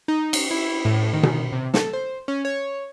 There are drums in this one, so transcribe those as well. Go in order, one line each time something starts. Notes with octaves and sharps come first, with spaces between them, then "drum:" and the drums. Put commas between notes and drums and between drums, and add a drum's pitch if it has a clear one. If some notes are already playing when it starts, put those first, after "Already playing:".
D#4
drum: cymbal
E4
A2
D#3
drum: tom B2
C3
A4, drum: snare
C5
C#4
C#5